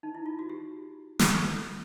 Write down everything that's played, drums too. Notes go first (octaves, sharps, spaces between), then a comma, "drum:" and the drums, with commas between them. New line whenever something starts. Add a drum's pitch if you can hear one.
D#4
E4
F4
F#4
G4
drum: snare
A4